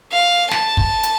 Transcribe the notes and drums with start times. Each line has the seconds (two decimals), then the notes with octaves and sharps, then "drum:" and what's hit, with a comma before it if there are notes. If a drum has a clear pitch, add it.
0.12 F5
0.51 A5, drum: snare
0.77 drum: kick
1.03 drum: hi-hat